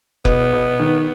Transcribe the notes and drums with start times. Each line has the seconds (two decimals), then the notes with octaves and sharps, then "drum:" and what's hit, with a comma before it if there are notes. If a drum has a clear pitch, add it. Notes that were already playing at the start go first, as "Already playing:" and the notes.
0.25 B2 B3, drum: kick F1
0.53 B2
0.80 D#3